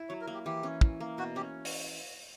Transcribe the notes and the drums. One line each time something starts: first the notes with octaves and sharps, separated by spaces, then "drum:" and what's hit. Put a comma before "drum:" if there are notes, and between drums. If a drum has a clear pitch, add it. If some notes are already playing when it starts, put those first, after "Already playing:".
Already playing: E4
F#3 C#5
A#4
A#3
G4
E3 G4
C#4
E3, drum: kick
A#3
B2 F#4
C#4 G4
drum: open hi-hat